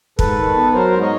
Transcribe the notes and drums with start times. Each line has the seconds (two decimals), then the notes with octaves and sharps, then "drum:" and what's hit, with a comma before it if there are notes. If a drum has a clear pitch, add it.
0.19 G#2 A4 B4, drum: kick
0.38 D#3
0.55 B3
0.73 F#3 A#4 C5
0.92 G#2
1.01 C#5 D#5